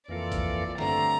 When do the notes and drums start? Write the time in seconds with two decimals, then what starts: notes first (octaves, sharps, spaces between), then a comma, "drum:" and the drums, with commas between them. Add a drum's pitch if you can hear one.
0.08 F2 E3 A#3 F4 A4 D5
0.32 drum: kick A1, hi-hat
0.78 G2 D3 A3 C4 A#5, drum: snare